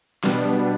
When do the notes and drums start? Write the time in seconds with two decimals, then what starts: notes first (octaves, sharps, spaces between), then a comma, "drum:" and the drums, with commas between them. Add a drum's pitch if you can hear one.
0.24 B2 G3 B3 D4, drum: snare